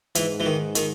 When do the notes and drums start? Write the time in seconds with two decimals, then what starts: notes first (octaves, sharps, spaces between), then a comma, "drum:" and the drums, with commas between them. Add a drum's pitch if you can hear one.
0.15 G#2 E3, drum: hi-hat
0.40 E3
0.46 D#3
0.75 D#3, drum: hi-hat